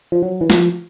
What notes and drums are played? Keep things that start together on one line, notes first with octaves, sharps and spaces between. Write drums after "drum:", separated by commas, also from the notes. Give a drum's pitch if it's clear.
F3
F#3
E3
F3, drum: snare